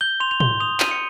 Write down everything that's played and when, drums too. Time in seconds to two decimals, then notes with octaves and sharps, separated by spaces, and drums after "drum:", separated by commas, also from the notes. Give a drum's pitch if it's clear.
0.01 G6 G7
0.20 C6 F7
0.31 F7
0.40 C6 G7, drum: tom
0.60 D#6 F7
0.80 G6 D#7, drum: clap
0.91 C#7